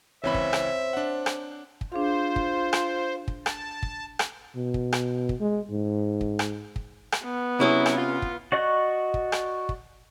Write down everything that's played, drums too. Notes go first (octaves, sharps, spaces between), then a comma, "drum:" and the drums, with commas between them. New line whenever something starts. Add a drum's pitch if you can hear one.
C#2 E3 C4 C5 C#5 E5 B5
drum: kick
drum: rim click
D4 F#5
drum: rim click
drum: kick
D4 F4 G#4 C5 F5
drum: kick
drum: rim click
drum: kick
A5, drum: rim click
drum: kick
drum: rim click
B2
drum: kick
drum: rim click
drum: kick
G#3
G#2
drum: kick
drum: rim click
drum: kick
drum: rim click
B3
C3 F#3 C#4 E4 G#4
drum: rim click
F4
drum: kick
F#4 D5 D#5 C#6 F#6
drum: kick
drum: rim click
drum: kick